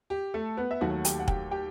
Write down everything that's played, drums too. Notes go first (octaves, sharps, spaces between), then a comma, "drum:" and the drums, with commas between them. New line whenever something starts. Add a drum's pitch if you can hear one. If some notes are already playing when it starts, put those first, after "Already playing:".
G4
A3 A4
B3 B4
E5
D#2 D#3 F#3 A3 F#4 F#5
G4 G5, drum: hi-hat
F#5
G4 G5, drum: kick
G4 G5